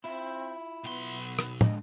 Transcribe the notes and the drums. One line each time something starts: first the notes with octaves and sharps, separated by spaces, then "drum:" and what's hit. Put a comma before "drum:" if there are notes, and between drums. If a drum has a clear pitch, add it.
C4 E4 F4 E5
B1 B3 C6
drum: rim click
D3 G#3 D4 D#5, drum: tom